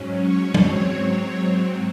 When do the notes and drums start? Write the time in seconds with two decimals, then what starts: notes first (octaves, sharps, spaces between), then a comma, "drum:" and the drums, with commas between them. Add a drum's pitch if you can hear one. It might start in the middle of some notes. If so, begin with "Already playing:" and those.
Already playing: G#2 F#3 C#4
0.23 C#5
0.54 G#2 F#3 C4 C#5, drum: tom F#3
1.17 C#5